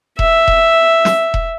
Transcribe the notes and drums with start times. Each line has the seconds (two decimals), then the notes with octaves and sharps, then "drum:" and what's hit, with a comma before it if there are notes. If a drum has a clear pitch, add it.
0.19 E5, drum: kick E1
0.48 drum: kick E1
1.05 drum: snare
1.34 drum: kick E1